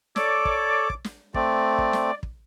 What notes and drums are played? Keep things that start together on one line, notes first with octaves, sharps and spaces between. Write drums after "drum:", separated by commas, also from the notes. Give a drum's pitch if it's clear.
A4 C#5 D5 D6, drum: snare
drum: kick
drum: kick
drum: snare
A3 C4 D5, drum: kick
drum: kick
drum: snare
drum: kick